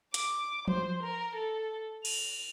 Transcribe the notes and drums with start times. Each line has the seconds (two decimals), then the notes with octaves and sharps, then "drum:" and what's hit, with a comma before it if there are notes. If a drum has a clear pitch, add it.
0.14 D6, drum: hi-hat
0.68 C5, drum: tom F3
1.03 A#4
1.35 A4
2.05 F7, drum: cymbal